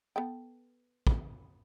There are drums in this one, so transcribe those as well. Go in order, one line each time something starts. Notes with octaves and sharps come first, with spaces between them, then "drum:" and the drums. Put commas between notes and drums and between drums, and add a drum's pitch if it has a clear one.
B3 A4 G5
drum: kick